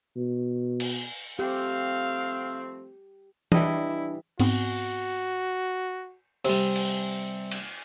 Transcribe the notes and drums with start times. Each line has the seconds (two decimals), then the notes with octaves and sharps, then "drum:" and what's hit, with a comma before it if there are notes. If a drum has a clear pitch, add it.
0.16 B2
0.80 drum: cymbal
1.39 F3 A3 C4 G4 F5
3.52 E3 G3 D4 E4 D#5, drum: tom
4.40 G#2 B3 C4 F#4, drum: cymbal
6.45 C3 G3, drum: cymbal
6.76 drum: cymbal
7.52 drum: cymbal